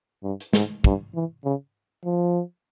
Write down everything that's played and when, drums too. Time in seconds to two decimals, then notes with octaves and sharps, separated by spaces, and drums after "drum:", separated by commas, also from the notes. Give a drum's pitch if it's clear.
0.23 G2
0.40 drum: hi-hat
0.53 G#2, drum: snare
0.84 G2, drum: kick
1.15 E3
1.45 C#3
2.05 F3